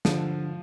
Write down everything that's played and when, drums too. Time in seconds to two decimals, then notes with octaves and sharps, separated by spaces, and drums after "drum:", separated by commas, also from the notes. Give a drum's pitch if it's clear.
0.05 D3 F3, drum: snare